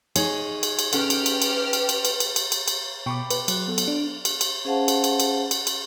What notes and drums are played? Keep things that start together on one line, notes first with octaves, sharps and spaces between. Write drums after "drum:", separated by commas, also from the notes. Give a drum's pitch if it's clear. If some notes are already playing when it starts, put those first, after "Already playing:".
D#4 G#4 C#5, drum: cymbal
drum: cymbal
drum: cymbal
C#4 G4 A4 B4 F#5 F6, drum: cymbal
drum: cymbal
drum: cymbal
drum: cymbal
drum: cymbal
drum: cymbal
drum: cymbal
drum: cymbal
drum: cymbal
drum: cymbal
drum: cymbal
B2 G5 B5 C#6 D6
B4, drum: cymbal
F#3, drum: cymbal
B3 A4
drum: cymbal
D4
drum: cymbal
drum: cymbal
C#4 G#4 C5 F5 F#5 A5
drum: cymbal
drum: cymbal
drum: cymbal
drum: cymbal
drum: cymbal